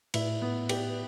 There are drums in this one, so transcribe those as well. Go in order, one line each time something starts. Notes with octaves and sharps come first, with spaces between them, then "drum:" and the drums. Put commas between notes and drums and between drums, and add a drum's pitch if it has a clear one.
A2 E4, drum: cymbal
B3
G4, drum: cymbal